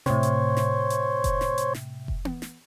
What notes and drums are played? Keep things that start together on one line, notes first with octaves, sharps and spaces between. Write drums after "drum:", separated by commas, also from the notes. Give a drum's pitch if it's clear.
A2 C3 C5 C#5, drum: snare
drum: hi-hat
drum: snare
drum: hi-hat
drum: kick F1, hi-hat
drum: snare
drum: hi-hat
drum: snare
drum: kick F1
drum: tom B3
drum: snare